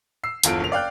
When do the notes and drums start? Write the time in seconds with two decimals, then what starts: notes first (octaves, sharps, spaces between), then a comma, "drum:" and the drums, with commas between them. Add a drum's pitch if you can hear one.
0.24 E6 C7
0.43 G1 E2 F4 A4 D7, drum: hi-hat
0.60 F#1 F7
0.72 D5 F5 G5 F#6